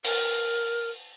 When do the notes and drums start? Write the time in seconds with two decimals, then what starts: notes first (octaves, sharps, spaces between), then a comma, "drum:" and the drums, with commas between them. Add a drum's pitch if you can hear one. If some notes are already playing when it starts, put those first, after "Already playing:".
0.04 A#4, drum: open hi-hat